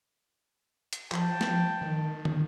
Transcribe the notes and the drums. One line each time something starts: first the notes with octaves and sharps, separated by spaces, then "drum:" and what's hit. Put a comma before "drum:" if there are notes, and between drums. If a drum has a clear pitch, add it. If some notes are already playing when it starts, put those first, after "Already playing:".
drum: hi-hat
F3 G5 A5, drum: clap
drum: snare
D#3
drum: tom